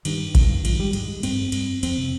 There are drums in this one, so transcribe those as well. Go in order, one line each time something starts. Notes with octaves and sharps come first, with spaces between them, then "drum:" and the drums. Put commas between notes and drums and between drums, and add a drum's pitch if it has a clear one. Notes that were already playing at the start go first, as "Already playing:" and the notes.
G2 D#3, drum: cymbal
G2, drum: kick A1, cymbal
G#2 F3, drum: cymbal
G3
G#2 G#3, drum: cymbal
G2 C4, drum: cymbal
G2, drum: cymbal
F2 C4, drum: cymbal
C3